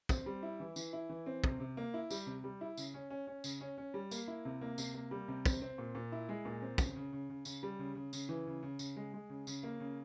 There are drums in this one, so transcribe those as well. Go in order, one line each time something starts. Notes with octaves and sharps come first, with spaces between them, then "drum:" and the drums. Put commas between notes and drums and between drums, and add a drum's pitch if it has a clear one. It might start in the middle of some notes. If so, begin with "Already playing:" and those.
C4, drum: kick, tambourine
G3
E4
E3
E3, drum: tambourine
E4
E3
C4
C3, drum: kick
C3
A#3
E4
G3, drum: tambourine
C3
G3
E4
C#3, drum: tambourine
C#4
C#4
C#4
C#3, drum: tambourine
C#4
C#4
G3
A#3, drum: tambourine
E4
C3
A#3
C3, drum: tambourine
A#3
G3
C3
C4, drum: kick, tambourine
C4
A#2
A#2
E4
G#3
A#2
C4
C#3, drum: kick, tambourine
C#3
C#3
C#3
C#3, drum: tambourine
G3
C#3
C#3
C#3, drum: tambourine
E3
C#3
C#3
C#3, drum: tambourine
G#3
G#3
C#3
C#3, drum: tambourine
A#3
C#3